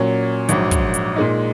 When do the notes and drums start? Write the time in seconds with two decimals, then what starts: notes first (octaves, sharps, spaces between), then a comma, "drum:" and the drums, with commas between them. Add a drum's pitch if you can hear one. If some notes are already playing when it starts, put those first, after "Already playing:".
Already playing: A#2 F#3 C#4
0.49 A#1 G#2 F#3, drum: hi-hat
0.71 drum: kick, hi-hat
0.94 drum: hi-hat
1.16 A#2 G#3 D#4